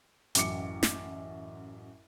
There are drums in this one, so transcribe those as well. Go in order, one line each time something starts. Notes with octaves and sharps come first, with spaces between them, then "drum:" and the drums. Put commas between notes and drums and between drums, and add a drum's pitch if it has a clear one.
A1 F#2 D6 C#7, drum: hi-hat
drum: snare